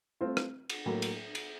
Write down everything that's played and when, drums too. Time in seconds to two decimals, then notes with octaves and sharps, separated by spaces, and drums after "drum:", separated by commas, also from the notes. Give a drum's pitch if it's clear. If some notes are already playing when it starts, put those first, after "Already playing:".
0.21 A3 C4 F4
0.37 drum: rim click
0.70 drum: cymbal
0.86 A2 F#3 A#3
1.02 drum: cymbal
1.35 drum: cymbal